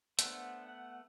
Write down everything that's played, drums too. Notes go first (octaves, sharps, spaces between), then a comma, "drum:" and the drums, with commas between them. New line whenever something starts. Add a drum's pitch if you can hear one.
A3 B3 D4 C5 F#5, drum: hi-hat
F#5